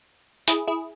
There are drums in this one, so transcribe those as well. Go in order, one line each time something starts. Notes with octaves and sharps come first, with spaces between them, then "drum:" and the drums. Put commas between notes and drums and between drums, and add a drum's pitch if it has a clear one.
E4 G#4, drum: hi-hat
E4 G#4